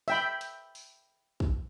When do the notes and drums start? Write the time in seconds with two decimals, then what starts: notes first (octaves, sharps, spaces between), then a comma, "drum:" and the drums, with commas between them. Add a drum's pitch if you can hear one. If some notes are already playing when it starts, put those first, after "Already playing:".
0.08 E5 G5 B5, drum: open hi-hat
0.41 drum: hi-hat
0.75 drum: open hi-hat
1.40 drum: kick